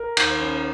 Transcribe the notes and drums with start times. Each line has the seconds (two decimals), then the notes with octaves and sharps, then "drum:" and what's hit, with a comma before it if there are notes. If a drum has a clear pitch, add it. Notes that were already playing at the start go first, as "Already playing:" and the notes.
Already playing: A#4
0.17 D#2, drum: cymbal
0.39 C#4